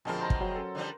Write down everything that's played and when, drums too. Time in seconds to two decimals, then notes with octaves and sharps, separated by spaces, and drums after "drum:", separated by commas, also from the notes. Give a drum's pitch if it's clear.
0.05 A#1 B2 D3 F3 G#3 C4 A#4 A5
0.20 C5 A#5
0.30 drum: kick
0.41 F#3
0.56 C#4 A4
0.75 D3 F3 G3